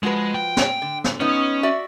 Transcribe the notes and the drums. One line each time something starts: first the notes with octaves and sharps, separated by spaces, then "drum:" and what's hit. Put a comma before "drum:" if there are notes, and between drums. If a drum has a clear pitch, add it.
F3 G#3 F#4 B4
G5
drum: snare
D3
drum: snare
G#3 B3 C#4 D#4
F#4 D5 E5